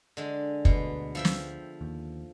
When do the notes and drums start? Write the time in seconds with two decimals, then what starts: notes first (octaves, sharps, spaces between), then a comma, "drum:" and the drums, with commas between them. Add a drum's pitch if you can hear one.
0.17 D3 G#3
0.65 D2 B2, drum: kick
1.15 F3 E5 G5
1.25 drum: snare
1.81 D#2